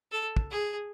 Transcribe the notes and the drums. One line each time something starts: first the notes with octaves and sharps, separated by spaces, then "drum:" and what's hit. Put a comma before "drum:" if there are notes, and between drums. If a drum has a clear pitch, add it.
A4
drum: kick
G#4